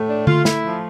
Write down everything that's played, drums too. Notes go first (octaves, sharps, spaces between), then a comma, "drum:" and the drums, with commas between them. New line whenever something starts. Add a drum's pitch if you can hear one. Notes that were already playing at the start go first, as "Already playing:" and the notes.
Already playing: A2 A3
D4
F4, drum: tom D3
E4, drum: snare
F3